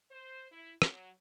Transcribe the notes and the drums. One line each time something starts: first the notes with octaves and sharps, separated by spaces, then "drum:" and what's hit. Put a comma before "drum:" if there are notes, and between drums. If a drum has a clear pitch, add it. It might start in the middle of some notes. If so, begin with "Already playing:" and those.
C5
E4
F#3, drum: rim click